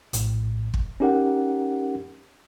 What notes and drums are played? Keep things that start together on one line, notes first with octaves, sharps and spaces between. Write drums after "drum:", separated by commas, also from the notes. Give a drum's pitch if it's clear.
A#1 A2, drum: hi-hat
drum: kick
C#4 D#4 G4 A#4 F#5